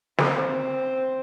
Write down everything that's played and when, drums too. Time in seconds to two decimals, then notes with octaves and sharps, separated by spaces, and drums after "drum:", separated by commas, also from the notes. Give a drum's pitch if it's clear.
0.18 C4 C5, drum: snare